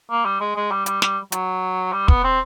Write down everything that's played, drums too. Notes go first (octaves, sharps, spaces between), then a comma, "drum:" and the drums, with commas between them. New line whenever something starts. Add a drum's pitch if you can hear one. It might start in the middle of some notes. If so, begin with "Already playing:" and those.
A#3
G3
G#3
G#3
G3
G3, drum: hi-hat
G3, drum: snare
F#3, drum: hi-hat
G3
B3, drum: kick
C4